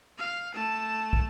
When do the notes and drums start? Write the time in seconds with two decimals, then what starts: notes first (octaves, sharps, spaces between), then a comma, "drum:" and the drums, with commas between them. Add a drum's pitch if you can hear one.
0.18 F5
0.54 A3 A5
1.13 drum: kick